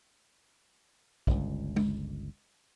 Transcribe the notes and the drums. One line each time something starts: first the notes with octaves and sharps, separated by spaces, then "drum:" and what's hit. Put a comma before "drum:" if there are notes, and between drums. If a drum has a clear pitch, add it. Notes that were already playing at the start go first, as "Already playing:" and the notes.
G1 C#2, drum: kick
drum: tom G#3